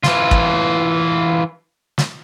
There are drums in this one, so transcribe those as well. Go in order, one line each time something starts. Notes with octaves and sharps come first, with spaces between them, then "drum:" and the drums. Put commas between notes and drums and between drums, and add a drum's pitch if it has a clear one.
E3 F4, drum: snare
drum: kick
drum: snare